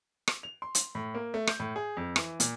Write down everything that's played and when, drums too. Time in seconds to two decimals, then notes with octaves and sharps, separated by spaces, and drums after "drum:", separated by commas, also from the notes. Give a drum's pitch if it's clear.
0.28 drum: rim click
0.43 F7
0.62 C6
0.75 drum: hi-hat
0.95 A2
1.14 A#3
1.34 A3
1.47 G6, drum: rim click
1.60 A2
1.76 G#4
1.97 F2
2.16 E3, drum: rim click
2.40 A#2, drum: hi-hat